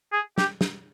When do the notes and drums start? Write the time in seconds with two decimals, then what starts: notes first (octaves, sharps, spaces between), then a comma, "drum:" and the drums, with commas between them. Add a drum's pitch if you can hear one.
0.12 G#4
0.38 G4, drum: snare
0.61 drum: snare